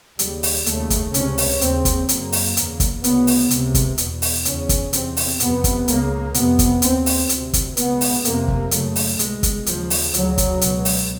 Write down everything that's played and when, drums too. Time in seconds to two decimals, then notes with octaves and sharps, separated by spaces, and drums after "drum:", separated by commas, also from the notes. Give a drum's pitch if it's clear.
0.19 D#2 C#3 G3, drum: hi-hat
0.43 drum: open hi-hat
0.66 D#2 C#3 A3, drum: hi-hat
0.90 drum: kick, hi-hat
1.14 C#2 C3 C#4, drum: hi-hat
1.38 drum: open hi-hat
1.61 D#2 C#3 C4, drum: hi-hat
1.85 drum: kick, hi-hat
2.09 F#2 C#3 A#3, drum: hi-hat
2.32 drum: open hi-hat
2.57 E2 C#3, drum: hi-hat
2.80 drum: kick, hi-hat
3.04 D2 C#3 B3, drum: hi-hat
3.27 drum: open hi-hat
3.51 C#2 C3, drum: hi-hat
3.75 drum: kick, hi-hat
3.98 E2 B2, drum: hi-hat
4.22 drum: open hi-hat
4.45 E2 C#3 C#4, drum: hi-hat
4.69 drum: kick, hi-hat
4.93 E2 C3 C4, drum: hi-hat
5.17 drum: open hi-hat
5.40 F2 C3 B3, drum: hi-hat
5.64 drum: kick, hi-hat
5.88 C#2 C#3 A#3, drum: hi-hat
6.34 F2 C3 B3, drum: hi-hat
6.59 drum: kick, hi-hat
6.82 D#2 C#3 C4, drum: hi-hat
7.06 drum: open hi-hat
7.29 D2 C3, drum: hi-hat
7.53 drum: kick, hi-hat
7.77 C#2 B2 B3, drum: hi-hat
8.01 drum: open hi-hat
8.25 F2 C3 A#3, drum: hi-hat
8.48 drum: kick
8.71 F#2 C#3 A3, drum: hi-hat
8.96 drum: open hi-hat
9.19 C2 B2 G#3, drum: hi-hat
9.43 drum: kick, hi-hat
9.66 D#2 C#3 F3, drum: hi-hat
9.90 drum: open hi-hat
10.14 D2 C#3 F#3, drum: hi-hat
10.38 drum: kick, hi-hat
10.61 C#2 B2, drum: hi-hat
10.85 drum: open hi-hat